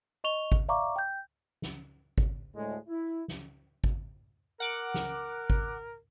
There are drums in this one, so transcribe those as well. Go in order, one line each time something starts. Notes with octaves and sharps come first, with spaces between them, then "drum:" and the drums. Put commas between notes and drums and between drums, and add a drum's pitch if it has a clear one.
D#5 C#6 F7 G7
drum: kick G#1
D5 E5 F5 A#5 C#6 D6
G5 G6
drum: snare
drum: kick G#1
D2 A2 G#3
E4
drum: snare
drum: kick G#1
A#4 F#5 D6 F#6
drum: snare
drum: kick G#1